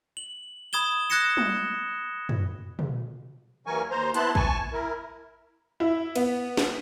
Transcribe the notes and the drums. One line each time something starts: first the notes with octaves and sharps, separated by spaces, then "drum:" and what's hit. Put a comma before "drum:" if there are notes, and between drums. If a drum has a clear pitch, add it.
F#7
B5 D#6 G#6 E7 G7
D#6 F#6 G#6 A#6 C#7 E7
drum: tom
drum: tom
drum: tom
D#2 E3 F#3 A#4 G#5 C#6
D#2 C5 A#5 C6
B3 E4 A5 C6 F#6, drum: hi-hat
G#5 A5 C#6, drum: kick
E4 A#4
E4
B3, drum: cymbal
drum: snare